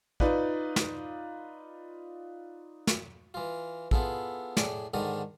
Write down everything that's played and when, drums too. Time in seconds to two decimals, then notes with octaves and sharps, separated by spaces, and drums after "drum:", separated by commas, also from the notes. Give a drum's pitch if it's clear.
0.20 D#4 F4 B4 D5, drum: kick
0.76 drum: snare
2.87 drum: snare
3.34 E3 F4
3.91 B3 E4 F4 G#4 A4, drum: kick
4.57 A2 G#4 D5, drum: snare
4.94 G#2 D3 D#3 A#4 D5 D#6